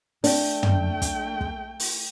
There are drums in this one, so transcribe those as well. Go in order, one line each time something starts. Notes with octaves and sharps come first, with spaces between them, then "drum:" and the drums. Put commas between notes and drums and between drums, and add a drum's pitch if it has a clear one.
A3 D4 G5, drum: open hi-hat
drum: tom
drum: kick, hi-hat
drum: kick
drum: open hi-hat